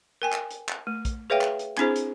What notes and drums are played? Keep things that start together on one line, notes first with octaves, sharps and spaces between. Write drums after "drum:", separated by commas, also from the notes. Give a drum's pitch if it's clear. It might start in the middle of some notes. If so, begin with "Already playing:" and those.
A#4 G5 G#5
drum: clap
drum: hi-hat
drum: clap
A3
drum: kick, hi-hat
G#4 B4 C#5 E5 F5 G5
drum: clap
drum: hi-hat
C4 D4 E4 G#4 C5, drum: clap
drum: hi-hat